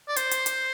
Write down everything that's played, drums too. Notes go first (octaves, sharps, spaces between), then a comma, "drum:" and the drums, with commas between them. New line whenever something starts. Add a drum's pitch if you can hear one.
D5
C5, drum: hi-hat
drum: hi-hat
drum: hi-hat